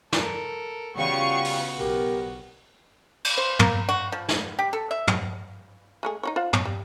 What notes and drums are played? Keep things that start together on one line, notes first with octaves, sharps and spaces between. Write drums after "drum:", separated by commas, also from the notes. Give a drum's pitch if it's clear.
A4 A#4, drum: snare
C#3 G3 B3 F4 F#4 F5 G5 C#6
drum: open hi-hat
B1 G4 A#4
drum: cymbal
C5
A#3, drum: tom
F#4
F3
drum: snare
G4
A4
E5
drum: tom
G#3 A3 G#4
D#4 F#4 C#5
F4 C5 F#5
C#5, drum: tom
G3